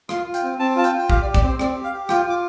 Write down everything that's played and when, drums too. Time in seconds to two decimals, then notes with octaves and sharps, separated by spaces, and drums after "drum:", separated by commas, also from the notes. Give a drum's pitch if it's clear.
0.09 F4 C6, drum: rim click
0.26 F4
0.34 G5, drum: hi-hat
0.43 C4
0.59 C4 A5
0.76 F4 A5
0.84 G5, drum: hi-hat
0.93 F4
0.98 G5
1.10 G4 F5, drum: kick
1.22 D5
1.26 G4
1.34 D5, drum: kick, hi-hat
1.43 C4 C5
1.59 C4 D5, drum: rim click
1.76 G4
1.84 F5
1.93 G4
2.09 F4 G5, drum: rim click
2.26 F4 D6